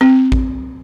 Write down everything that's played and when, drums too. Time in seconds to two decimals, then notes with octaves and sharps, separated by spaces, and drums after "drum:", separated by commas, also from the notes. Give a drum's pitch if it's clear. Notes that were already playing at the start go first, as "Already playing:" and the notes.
0.01 C4
0.32 drum: kick A1